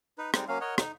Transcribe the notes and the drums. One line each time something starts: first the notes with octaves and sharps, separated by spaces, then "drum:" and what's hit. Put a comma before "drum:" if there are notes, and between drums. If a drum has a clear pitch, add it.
D#4 B4
G3 G#3 C4 D#4, drum: rim click
F#3 A#3 C#4 F5
A#4 C#5 D#5 F#5
D#4, drum: rim click